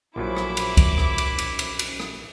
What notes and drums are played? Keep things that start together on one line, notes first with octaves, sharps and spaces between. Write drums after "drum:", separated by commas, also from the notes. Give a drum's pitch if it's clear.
A#1 F3 F#3 E4 B5 D6
drum: rim click
drum: cymbal
drum: kick, cymbal
drum: rim click
drum: cymbal
drum: cymbal
drum: cymbal
drum: cymbal
drum: rim click